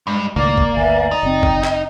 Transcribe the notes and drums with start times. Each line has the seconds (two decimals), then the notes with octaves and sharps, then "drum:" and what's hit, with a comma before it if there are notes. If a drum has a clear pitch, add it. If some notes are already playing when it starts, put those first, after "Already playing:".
0.07 G2 G#3
0.36 C#2 A2 D#3 A#3 D5 D6
0.58 drum: kick
0.75 G1 D2 B4 E5 G#5
1.11 D#4
1.23 F#1 C4 G5
1.43 drum: kick
1.64 drum: clap